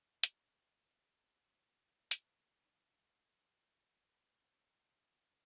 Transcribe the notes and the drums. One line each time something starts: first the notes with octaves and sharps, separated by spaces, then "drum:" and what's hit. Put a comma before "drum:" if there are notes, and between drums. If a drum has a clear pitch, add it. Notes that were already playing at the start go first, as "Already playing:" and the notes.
F#6 A6, drum: hi-hat
drum: hi-hat
F2 B2 D#4 A4 F5
B4 C#5 G5 C6 D6